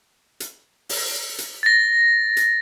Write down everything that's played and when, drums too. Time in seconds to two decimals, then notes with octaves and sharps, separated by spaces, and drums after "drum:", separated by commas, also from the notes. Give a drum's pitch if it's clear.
0.40 drum: hi-hat
0.89 drum: open hi-hat
1.38 drum: hi-hat
1.63 A6 A#6
2.37 drum: hi-hat